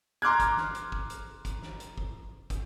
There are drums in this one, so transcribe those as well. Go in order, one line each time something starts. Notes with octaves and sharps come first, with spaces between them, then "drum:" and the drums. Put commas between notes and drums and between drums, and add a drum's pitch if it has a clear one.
A#5 C6 D6 F6 F#6 G#6
drum: kick, hi-hat
drum: snare
drum: hi-hat
drum: kick
drum: hi-hat
drum: kick, hi-hat
drum: snare
drum: hi-hat
drum: kick
drum: kick, hi-hat